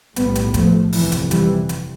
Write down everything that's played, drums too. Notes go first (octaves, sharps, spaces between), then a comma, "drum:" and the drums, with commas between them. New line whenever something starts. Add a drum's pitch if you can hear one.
B1 A2 G3 B3, drum: hi-hat
drum: hi-hat
F3 A3, drum: kick, hi-hat
G1 F2 C3 E3, drum: open hi-hat
drum: hi-hat
E3 G3, drum: hi-hat
drum: hi-hat